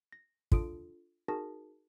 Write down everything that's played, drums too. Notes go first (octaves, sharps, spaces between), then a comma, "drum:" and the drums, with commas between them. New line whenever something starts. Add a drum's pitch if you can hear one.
A#6
D4 F4 A4 D#6 D7, drum: kick
D#4 F#4 G#4 A#4 A5 A#6